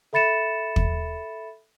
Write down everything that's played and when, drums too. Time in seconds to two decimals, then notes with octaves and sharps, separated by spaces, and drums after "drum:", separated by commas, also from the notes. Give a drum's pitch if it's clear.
0.13 A4 E5 B5 A6 C#7 E7
0.76 drum: kick